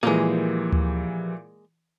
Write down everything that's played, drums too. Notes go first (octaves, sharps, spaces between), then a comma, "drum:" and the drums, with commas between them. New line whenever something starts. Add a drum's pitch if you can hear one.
A#2 E3 F3 G#3 A#3 G4 G#4
drum: tom D2